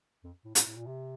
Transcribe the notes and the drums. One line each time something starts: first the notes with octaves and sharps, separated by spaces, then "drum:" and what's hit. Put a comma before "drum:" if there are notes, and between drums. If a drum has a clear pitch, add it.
F2
A2
A2, drum: hi-hat
A2
A#2
C3